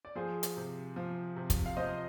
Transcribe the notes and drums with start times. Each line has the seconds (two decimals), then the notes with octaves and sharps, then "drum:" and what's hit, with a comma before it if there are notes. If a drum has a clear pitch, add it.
0.05 D5
0.16 F3 G#4 C5
0.43 drum: hi-hat
0.57 C3
0.96 F3
1.36 C3
1.50 drum: kick, hi-hat
1.66 F5
1.76 F3 C5 D#5